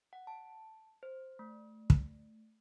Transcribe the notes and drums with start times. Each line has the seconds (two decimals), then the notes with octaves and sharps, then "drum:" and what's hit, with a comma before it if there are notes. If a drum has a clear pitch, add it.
0.13 F#5
0.27 A5
1.03 C5
1.39 A3
1.90 drum: kick